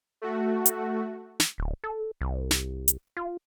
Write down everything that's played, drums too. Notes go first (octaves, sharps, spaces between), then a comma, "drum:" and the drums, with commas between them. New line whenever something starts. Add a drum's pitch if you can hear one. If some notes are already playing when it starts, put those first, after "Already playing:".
A3 F#4
drum: hi-hat
drum: snare
D1
A4
C2
drum: snare
drum: hi-hat
F4